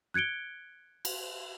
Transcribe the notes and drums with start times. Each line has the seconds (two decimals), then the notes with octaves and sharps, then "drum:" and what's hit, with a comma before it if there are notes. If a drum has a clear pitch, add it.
0.14 F#6 G#6 C#7 D7 G7
1.05 drum: cymbal